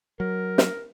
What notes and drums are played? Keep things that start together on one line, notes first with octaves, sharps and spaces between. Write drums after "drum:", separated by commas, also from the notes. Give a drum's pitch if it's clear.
F#3 A#4
drum: snare